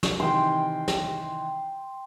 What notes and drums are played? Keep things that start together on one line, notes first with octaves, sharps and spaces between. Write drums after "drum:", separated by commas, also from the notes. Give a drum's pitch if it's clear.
drum: snare
C3 D#3 E3 G5 C6
drum: snare